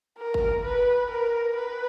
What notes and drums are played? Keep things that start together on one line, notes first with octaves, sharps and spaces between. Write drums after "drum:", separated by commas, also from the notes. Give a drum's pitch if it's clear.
A#4
drum: kick G1
B4
A#4
B4